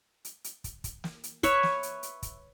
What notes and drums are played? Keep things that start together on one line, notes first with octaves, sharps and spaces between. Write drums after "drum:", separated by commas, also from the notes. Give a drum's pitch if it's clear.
drum: hi-hat
drum: hi-hat
drum: kick, hi-hat
drum: kick, hi-hat
drum: snare
drum: hi-hat
B4 C#5 E5, drum: kick, hi-hat
drum: snare
drum: hi-hat
drum: hi-hat
drum: kick, hi-hat